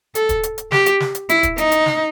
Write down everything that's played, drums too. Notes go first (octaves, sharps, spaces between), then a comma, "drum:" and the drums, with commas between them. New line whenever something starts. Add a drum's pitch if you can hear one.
A4, drum: hi-hat
drum: kick, hi-hat
drum: hi-hat
drum: hi-hat
G4, drum: snare
drum: hi-hat
drum: snare
drum: hi-hat
E4, drum: hi-hat
drum: kick, hi-hat
D#4, drum: hi-hat
drum: hi-hat
drum: snare